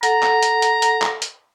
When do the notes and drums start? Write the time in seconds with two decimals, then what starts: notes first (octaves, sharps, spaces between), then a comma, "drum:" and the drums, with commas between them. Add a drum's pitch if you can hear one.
0.03 A4 F#5 A#5, drum: hi-hat
0.23 drum: clap
0.43 drum: hi-hat
0.62 drum: hi-hat
0.82 drum: hi-hat
1.02 drum: clap
1.22 drum: hi-hat